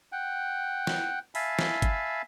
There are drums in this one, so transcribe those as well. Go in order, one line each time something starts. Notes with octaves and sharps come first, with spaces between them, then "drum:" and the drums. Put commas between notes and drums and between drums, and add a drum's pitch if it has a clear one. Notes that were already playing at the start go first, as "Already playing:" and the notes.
F#5 G5
drum: snare
E5 F5 G#5 A5 B5, drum: open hi-hat
drum: snare
drum: kick G1, hi-hat